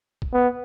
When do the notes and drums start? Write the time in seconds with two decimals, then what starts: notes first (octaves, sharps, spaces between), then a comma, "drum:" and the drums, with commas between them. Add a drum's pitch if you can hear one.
0.22 drum: kick
0.33 B3